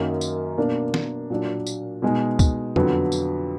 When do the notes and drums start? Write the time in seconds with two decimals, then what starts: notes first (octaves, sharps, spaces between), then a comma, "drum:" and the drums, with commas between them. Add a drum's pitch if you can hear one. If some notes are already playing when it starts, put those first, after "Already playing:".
Already playing: F#2 D#3 F#3 A#3 D#4
0.21 drum: tambourine
0.58 B2 A#3 D4
0.94 drum: snare
1.30 A#2 F#3 D4
1.67 drum: tambourine
2.02 B2 G#3 D#4
2.39 drum: kick, tambourine
2.76 F2 D3 F#3 B3, drum: tom E2
3.12 drum: tambourine